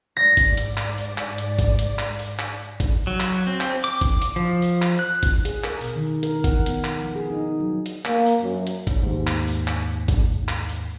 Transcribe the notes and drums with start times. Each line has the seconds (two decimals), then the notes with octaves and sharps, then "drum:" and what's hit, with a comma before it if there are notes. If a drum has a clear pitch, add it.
0.17 G#2 D5 A#6
0.37 drum: kick G#1, hi-hat
0.57 drum: hi-hat
0.78 drum: clap
0.98 drum: open hi-hat
1.18 drum: clap
1.38 drum: hi-hat
1.59 drum: kick G#1, hi-hat
1.79 drum: hi-hat
1.99 drum: clap
2.19 drum: open hi-hat
2.40 drum: clap
2.80 drum: kick G#1, hi-hat
3.07 F#3
3.20 drum: clap
3.47 C4
3.61 drum: clap
3.84 D6, drum: hi-hat
4.01 drum: kick G#1, hi-hat
4.22 drum: hi-hat
4.36 F3
4.62 drum: open hi-hat
4.82 drum: clap
4.99 F#6
5.23 drum: kick G#1, hi-hat
5.45 G#4, drum: hi-hat
5.64 A#4, drum: clap
5.81 B2, drum: open hi-hat
5.96 D#3
6.23 A#4, drum: hi-hat
6.44 F#5, drum: kick G#1, hi-hat
6.66 B3, drum: hi-hat
6.85 drum: clap
6.99 F3
7.16 G#4
7.30 D#4
7.60 F#3
7.86 drum: hi-hat
8.06 A#3, drum: clap
8.26 drum: open hi-hat
8.41 F#2
8.67 drum: hi-hat
8.87 drum: kick G#1, hi-hat
9.03 D#2 G#2
9.27 drum: clap
9.48 drum: open hi-hat
9.68 drum: clap
10.08 drum: kick G#1, hi-hat
10.49 drum: clap
10.69 drum: open hi-hat